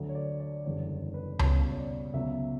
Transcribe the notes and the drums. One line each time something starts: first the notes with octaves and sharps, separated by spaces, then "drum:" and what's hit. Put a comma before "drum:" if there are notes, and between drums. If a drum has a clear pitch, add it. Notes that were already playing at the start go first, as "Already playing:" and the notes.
Already playing: D2 D3 F#3
C#5
D5
D5
F#1 E2 D3 G3 C#5
B4
C#2 B2 G3 C#5, drum: tom C#2
C#5
D5
C#2 B2 F#3 B3 E5